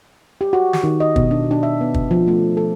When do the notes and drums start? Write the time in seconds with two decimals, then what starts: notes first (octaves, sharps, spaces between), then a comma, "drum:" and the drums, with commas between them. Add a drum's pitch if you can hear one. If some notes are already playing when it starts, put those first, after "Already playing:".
0.41 G4
0.53 F#4
0.73 drum: snare
0.83 D#3
1.00 D#5
1.16 B2, drum: kick
1.31 D4
1.51 D4
1.63 E5
1.81 B3
1.94 drum: kick
2.11 F3
2.28 A3
2.57 A4